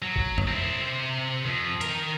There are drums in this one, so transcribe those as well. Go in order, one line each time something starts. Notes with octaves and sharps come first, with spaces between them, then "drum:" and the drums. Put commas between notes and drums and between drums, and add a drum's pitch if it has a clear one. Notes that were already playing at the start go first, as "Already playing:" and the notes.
F#3
drum: kick
drum: tom F2
C4 E4
C3 C5
F2
D#3 A#4, drum: hi-hat